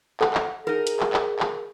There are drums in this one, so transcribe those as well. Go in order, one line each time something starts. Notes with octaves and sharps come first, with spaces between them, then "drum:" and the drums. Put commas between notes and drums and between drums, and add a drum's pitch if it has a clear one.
A4 F#5, drum: clap
drum: clap
D#4 G#4 A#4
drum: hi-hat
drum: clap
drum: clap
drum: clap